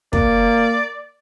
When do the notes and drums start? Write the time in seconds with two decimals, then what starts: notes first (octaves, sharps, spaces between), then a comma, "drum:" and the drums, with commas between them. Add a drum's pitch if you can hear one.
0.13 A#3 D5, drum: kick